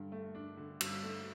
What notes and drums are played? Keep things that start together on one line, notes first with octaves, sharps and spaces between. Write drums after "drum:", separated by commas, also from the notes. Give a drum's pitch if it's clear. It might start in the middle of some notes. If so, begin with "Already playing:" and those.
Already playing: G2 D3
A3
D4
D3
G2, drum: cymbal
A3